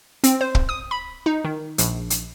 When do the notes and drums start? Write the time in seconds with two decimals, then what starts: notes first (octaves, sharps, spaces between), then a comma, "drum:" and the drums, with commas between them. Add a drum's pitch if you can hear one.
0.24 C4, drum: hi-hat
0.41 C5
0.55 drum: kick
0.69 D#6
0.91 B5
1.26 D#4
1.44 D#3
1.78 A#1, drum: hi-hat
2.10 drum: hi-hat